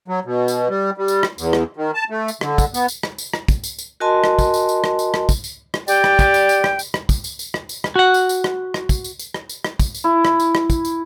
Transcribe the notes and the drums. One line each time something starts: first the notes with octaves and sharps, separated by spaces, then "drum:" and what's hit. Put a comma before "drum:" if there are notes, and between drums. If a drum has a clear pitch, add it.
F#3
B2
drum: tambourine
G3
G3
drum: tambourine
drum: rim click
E2, drum: tambourine
drum: rim click
D#3
A5
A3
drum: tambourine
D3, drum: rim click
drum: kick, tambourine
B3, drum: tambourine
drum: tambourine
drum: rim click
drum: tambourine
drum: rim click
drum: kick, tambourine
drum: tambourine
drum: tambourine
F#4 A#4 D#5 G#5 A5 C6
drum: rim click
drum: kick, tambourine
drum: tambourine
drum: tambourine
drum: rim click
drum: tambourine
drum: rim click
drum: kick, tambourine
drum: tambourine
drum: rim click
G3 G4 D5 G5, drum: tambourine
drum: rim click
drum: kick, tambourine
drum: tambourine
drum: tambourine
drum: rim click
drum: tambourine
drum: rim click
drum: kick, tambourine
drum: tambourine
drum: tambourine
drum: rim click
drum: tambourine
drum: rim click
F#4 F#5
drum: tambourine
drum: tambourine
drum: rim click
drum: rim click
drum: kick, tambourine
drum: tambourine
drum: tambourine
drum: rim click
drum: tambourine
drum: rim click
drum: kick, tambourine
drum: tambourine
E4
drum: rim click
drum: tambourine
drum: rim click
drum: kick, tambourine
drum: tambourine